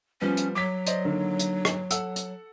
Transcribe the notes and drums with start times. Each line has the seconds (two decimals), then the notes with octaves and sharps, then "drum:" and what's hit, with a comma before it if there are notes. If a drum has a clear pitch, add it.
0.21 F3 G3 B3 C#4
0.37 drum: hi-hat
0.55 F#3 D6 B6
0.87 C5 D5 D#5, drum: hi-hat
1.05 D3 D#3 A#3
1.39 drum: hi-hat
1.65 drum: rim click
1.91 A4 F#5 E6, drum: hi-hat
2.16 drum: hi-hat